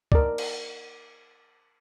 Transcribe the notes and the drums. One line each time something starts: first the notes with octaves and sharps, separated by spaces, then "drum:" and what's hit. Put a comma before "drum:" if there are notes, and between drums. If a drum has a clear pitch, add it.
A#4 D5, drum: kick C#2
drum: cymbal